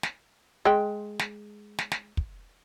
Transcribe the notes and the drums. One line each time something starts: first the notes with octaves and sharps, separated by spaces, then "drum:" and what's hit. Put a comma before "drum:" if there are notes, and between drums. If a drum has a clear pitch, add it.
drum: snare
G#3 G5
drum: snare
drum: snare
drum: snare
drum: kick